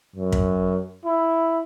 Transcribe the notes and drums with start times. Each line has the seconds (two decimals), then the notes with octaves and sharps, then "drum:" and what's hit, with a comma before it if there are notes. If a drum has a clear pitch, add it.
0.16 F#2
0.32 drum: kick
1.05 E4